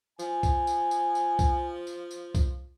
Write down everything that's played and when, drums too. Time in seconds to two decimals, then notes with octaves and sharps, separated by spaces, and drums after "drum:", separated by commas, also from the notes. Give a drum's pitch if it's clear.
0.19 F3 G#5, drum: tambourine
0.43 drum: kick C2, tambourine
0.67 drum: tambourine
0.91 drum: tambourine
1.15 drum: tambourine
1.39 drum: kick C2, tambourine
1.87 drum: tambourine
2.11 drum: tambourine
2.35 drum: kick C2, tambourine